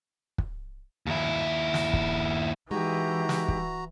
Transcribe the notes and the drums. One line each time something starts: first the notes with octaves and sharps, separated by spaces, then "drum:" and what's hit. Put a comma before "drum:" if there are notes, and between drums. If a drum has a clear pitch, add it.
drum: kick
D#2 E4
drum: snare
drum: kick
E3 G#3 D#4 F#4 G4 A#5
drum: snare
drum: kick